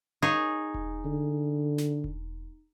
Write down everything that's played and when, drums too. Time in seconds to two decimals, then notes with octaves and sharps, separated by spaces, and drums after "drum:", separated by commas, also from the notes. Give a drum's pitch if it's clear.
0.22 D#4 G#4 C#5
0.74 drum: kick E1
1.05 D3
1.78 drum: snare
2.04 drum: kick E1